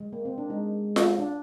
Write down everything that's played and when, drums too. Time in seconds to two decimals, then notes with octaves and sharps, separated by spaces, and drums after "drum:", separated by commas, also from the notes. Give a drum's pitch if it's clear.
0.00 G#3
0.13 A#3
0.25 C4
0.38 D4
0.50 G#3 D#4
0.96 drum: snare F4
1.19 D4